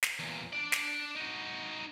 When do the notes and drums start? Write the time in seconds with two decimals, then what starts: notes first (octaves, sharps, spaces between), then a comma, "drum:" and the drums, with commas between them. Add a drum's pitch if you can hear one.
0.03 drum: snare
0.19 E2 A#2
0.53 D4 D5
0.72 drum: snare
1.16 D#4 F#4